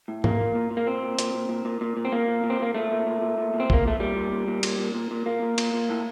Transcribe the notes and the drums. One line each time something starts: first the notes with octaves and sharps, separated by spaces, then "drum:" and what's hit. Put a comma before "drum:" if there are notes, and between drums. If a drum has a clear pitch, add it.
A2
A#2 A#3, drum: tom G#2
A#2
A#2
A#2
A#3
A#2 C4
A#2
A#2, drum: hi-hat
A#2
A#2
A#2
A#2
A#2
C4
A#2 A#3
A#2
A#2
C4
A#2 A#3
A#2 A3
A#2
A#2
A#2
A#2
A#2
C4
A#2 A#3, drum: kick
A#2 A3
A#2 G3
A#2
A#2
A#2
A#2, drum: cymbal
A#2
A#2
A#2
A#2 A#3
A#2
A#2, drum: cymbal
A#2
A2